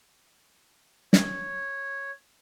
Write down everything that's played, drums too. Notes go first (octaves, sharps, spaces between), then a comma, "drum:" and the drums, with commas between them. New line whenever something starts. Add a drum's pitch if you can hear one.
C#5, drum: snare